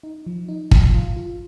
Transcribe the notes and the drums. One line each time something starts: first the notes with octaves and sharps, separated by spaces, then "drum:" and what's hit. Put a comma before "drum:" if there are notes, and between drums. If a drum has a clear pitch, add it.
D#4
F3
D#4
F3, drum: kick
F4
F4